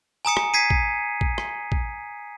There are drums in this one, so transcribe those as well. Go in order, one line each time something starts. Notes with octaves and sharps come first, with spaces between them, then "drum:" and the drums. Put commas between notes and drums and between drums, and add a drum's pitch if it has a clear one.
G#5 A#5 D#6 C#7
drum: rim click
G#6 B6 C7 D#7
drum: kick
drum: kick
drum: rim click
drum: kick